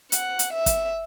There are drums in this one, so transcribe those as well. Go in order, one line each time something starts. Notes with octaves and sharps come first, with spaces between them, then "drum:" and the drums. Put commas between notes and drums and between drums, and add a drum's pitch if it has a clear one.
F#5, drum: hi-hat
drum: hi-hat
E5
drum: kick, hi-hat